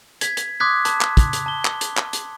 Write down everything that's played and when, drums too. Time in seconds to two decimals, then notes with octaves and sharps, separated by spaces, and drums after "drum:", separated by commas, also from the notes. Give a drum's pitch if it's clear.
0.21 G#6 B6, drum: hi-hat
0.37 drum: hi-hat
0.60 C6 D6 D#6 F#6 G#6 B6
0.85 A5, drum: hi-hat
1.01 drum: clap
1.17 drum: kick, hi-hat
1.33 drum: hi-hat
1.46 A5 G7
1.65 drum: clap
1.81 drum: hi-hat
1.97 drum: clap
2.13 drum: hi-hat